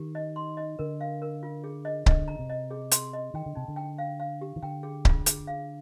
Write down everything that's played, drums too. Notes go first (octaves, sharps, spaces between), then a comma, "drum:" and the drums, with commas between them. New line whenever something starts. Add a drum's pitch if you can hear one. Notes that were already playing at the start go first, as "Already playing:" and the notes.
Already playing: D#3 G4
D#5
C6
D#5
D3 A#4
F5
A#4
F4
G#4
D#5
D3 D#5, drum: kick C#1
A#5
C3
D#5
G#4
C6, drum: hi-hat
D#5
D#3 G5
D3
C3 D#4
D3
G5
F5
F5
G4
D#3
D3 G5
G#4
F4, drum: kick C#1
G#4, drum: hi-hat
F5